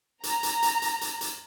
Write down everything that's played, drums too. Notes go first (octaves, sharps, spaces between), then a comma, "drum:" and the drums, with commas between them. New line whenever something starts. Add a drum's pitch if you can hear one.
A#5, drum: hi-hat
drum: hi-hat
drum: hi-hat
drum: hi-hat
drum: hi-hat
drum: hi-hat